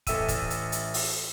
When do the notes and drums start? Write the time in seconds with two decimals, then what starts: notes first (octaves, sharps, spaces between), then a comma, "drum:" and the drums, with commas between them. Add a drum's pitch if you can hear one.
0.07 A1 A4 E5 G5 E6 D#7, drum: kick, hi-hat
0.28 drum: kick, hi-hat
0.50 drum: hi-hat
0.72 drum: hi-hat
0.94 drum: open hi-hat